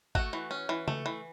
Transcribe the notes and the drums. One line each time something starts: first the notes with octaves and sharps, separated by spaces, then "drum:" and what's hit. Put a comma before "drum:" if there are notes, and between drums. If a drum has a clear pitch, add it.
A3 F#4, drum: kick G#1
E3
C#4
E3
A3, drum: tom
E3